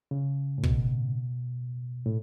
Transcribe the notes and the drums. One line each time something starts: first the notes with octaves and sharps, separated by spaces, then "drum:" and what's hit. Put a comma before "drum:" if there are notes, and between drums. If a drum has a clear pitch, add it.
C#3
A2
B2, drum: kick
A2